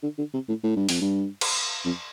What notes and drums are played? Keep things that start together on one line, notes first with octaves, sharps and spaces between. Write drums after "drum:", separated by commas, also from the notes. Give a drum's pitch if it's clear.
D3
D3
C3
A2
A2
G2
F2, drum: open hi-hat
G2
drum: cymbal
F2